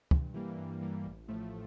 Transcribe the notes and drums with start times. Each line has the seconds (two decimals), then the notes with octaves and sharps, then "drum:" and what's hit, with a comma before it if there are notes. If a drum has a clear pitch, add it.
0.11 G2, drum: kick
0.34 E3 G3 A#3
0.58 G2
0.81 E3 G3 A#3
1.05 A1
1.28 A2 F3 A3